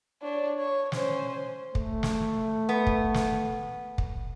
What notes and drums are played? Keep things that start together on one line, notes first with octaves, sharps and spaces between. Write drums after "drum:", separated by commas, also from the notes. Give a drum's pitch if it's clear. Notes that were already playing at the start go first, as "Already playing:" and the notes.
D4 C#5
C#5
C#4 C5, drum: snare
A3, drum: kick
drum: snare
B3
drum: kick
drum: snare
drum: kick